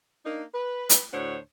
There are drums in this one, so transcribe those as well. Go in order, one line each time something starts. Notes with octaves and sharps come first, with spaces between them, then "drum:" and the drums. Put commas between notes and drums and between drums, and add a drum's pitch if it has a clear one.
A#3 D4 D#4
B4
drum: hi-hat
D2 A2 D4 F#4 C5 C#5